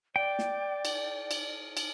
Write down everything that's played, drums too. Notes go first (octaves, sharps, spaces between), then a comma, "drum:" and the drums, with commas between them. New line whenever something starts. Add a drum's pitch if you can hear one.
D5 G5
drum: snare
drum: cymbal
drum: cymbal
drum: cymbal